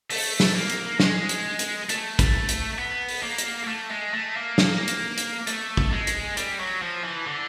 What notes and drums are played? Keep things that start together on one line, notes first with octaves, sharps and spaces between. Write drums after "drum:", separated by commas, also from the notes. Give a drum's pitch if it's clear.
A3, drum: open hi-hat
drum: snare
A#3
drum: hi-hat
G#3, drum: snare
drum: hi-hat
drum: hi-hat
A3, drum: hi-hat
drum: kick, hi-hat
drum: hi-hat
B3
drum: open hi-hat
A#3
drum: hi-hat
A#3
A3
G#3
A3
A#3
drum: snare
drum: hi-hat
drum: hi-hat
A3, drum: hi-hat
drum: kick
G#3
drum: hi-hat
G3, drum: hi-hat
F#3
F3
E3
D3